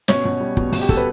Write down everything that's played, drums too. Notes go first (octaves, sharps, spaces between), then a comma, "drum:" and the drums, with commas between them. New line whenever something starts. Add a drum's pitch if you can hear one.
B2 C#4 C#5, drum: snare
B2
G3
B2, drum: kick
B2, drum: open hi-hat
G4
B2 A4, drum: kick
B4